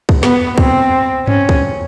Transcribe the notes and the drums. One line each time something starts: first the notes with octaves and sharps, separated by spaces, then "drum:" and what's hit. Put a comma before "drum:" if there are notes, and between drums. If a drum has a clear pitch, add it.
drum: kick
B3, drum: snare
C4, drum: kick
C#4, drum: tom G2
drum: kick